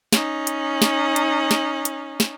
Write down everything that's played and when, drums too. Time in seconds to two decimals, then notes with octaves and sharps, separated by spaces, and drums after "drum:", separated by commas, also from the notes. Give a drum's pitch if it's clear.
0.12 C#4 D#4, drum: snare
0.47 drum: hi-hat
0.82 drum: snare
1.16 drum: hi-hat
1.51 drum: snare
1.85 drum: hi-hat
2.20 drum: snare